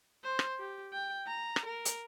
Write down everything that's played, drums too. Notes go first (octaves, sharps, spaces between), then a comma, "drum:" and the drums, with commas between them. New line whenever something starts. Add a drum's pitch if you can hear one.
C5
drum: rim click
G4
G5
A#5
drum: rim click
A#4
drum: hi-hat